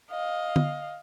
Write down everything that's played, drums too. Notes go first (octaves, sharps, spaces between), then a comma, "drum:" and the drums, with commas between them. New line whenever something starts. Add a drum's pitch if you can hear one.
D#5 F5
drum: tom D3